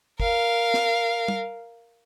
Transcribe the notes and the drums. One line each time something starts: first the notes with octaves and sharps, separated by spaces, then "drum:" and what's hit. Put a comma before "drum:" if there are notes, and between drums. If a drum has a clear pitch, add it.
A#4 F5, drum: kick
drum: snare
drum: tom